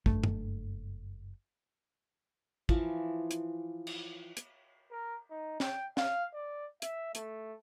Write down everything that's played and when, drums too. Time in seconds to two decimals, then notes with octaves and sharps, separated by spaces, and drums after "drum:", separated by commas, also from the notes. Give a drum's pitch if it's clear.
0.06 F#1 G2 A3, drum: kick
0.24 drum: tom G2
2.69 E3 F3, drum: kick
3.31 drum: hi-hat
3.87 drum: cymbal
4.37 drum: hi-hat
4.91 A#4
5.30 D#4
5.60 G5, drum: snare
5.97 F5, drum: snare
6.33 D5
6.82 E5, drum: hi-hat
7.15 A3, drum: hi-hat